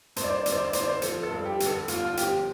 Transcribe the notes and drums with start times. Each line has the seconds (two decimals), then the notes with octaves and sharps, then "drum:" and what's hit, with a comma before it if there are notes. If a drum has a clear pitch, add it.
0.16 G2 C5, drum: hi-hat
0.24 D5
0.31 C5
0.38 D5
0.46 D3 C5, drum: hi-hat
0.52 D5
0.59 C5
0.67 D5
0.73 G1 C5, drum: hi-hat
0.81 D5
0.89 C5
1.02 F3 A4, drum: hi-hat
1.23 A4
1.31 G2
1.45 G4
1.60 D3, drum: hi-hat
1.66 A4
1.88 G1 F4, drum: hi-hat
2.05 F4
2.17 F3 G4, drum: hi-hat